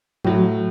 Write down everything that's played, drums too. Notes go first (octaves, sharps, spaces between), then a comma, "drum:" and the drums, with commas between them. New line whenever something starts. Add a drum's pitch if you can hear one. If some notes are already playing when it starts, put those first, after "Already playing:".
A2 F#3, drum: tom F3